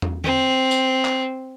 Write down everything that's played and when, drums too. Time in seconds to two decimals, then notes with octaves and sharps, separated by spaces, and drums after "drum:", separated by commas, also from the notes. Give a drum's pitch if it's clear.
0.02 drum: tom
0.24 C4, drum: tom
0.71 drum: tambourine
1.05 drum: clap